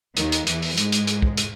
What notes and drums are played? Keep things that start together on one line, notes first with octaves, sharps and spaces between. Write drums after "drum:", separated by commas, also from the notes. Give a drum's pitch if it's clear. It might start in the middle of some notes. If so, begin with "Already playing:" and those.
D#2 D#3, drum: hi-hat
drum: hi-hat
E2 E3, drum: hi-hat
drum: open hi-hat
G#2 G#3, drum: hi-hat
drum: hi-hat
drum: hi-hat
drum: kick
drum: hi-hat